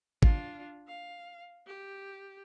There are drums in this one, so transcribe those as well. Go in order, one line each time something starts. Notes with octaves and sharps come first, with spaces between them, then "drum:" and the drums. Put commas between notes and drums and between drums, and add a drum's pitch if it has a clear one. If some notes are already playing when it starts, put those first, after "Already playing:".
D4 F4, drum: kick
F5
G4